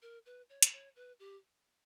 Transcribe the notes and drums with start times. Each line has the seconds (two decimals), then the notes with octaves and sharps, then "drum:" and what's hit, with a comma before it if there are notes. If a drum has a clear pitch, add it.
0.02 A#4
0.26 B4
0.50 C#5
0.62 drum: hi-hat
0.73 C#5
0.96 B4
1.20 G4